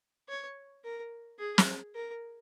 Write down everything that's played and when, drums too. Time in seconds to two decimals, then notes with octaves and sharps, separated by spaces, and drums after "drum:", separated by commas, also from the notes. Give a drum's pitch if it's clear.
0.28 C#5
0.84 A#4
1.39 G#4
1.58 drum: snare
1.95 A#4